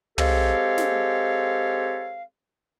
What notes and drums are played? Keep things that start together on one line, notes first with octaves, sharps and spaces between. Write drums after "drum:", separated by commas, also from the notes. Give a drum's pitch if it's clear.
G#3 C4 G4 A4 C#5 F5, drum: tom
drum: snare